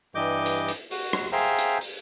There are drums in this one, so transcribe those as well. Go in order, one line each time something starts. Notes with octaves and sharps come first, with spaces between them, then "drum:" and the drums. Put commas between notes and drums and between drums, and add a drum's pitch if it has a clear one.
G2 E3 G3 D#5 D6 G6
drum: hi-hat
drum: hi-hat
F#4, drum: open hi-hat
drum: rim click
G#4 C5 E5 F5 G5 A#5
drum: hi-hat
drum: open hi-hat